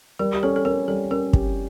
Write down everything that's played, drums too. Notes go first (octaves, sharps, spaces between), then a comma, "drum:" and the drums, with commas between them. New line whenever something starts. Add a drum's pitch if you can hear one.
G3 A#4
G4
C#4 A4
A4
C#4 A#4
G3 A4
C#4 A#4
G4, drum: kick